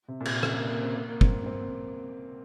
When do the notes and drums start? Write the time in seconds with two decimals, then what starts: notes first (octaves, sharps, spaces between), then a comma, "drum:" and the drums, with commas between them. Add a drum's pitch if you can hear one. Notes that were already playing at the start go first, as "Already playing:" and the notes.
0.08 C3
0.21 A#2
0.25 C3, drum: cymbal
0.43 C#3, drum: rim click
0.56 A#3
0.69 A#3
0.82 C4
0.95 A#3
1.08 A#3
1.21 C4, drum: kick
1.46 C4